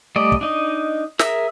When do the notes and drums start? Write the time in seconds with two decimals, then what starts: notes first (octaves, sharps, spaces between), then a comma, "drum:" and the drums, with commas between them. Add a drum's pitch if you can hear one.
0.16 G3 A3 D5 D#5
0.32 drum: kick
0.41 D4 D#4 D#5
1.19 G#4 A#4 E5 E6, drum: snare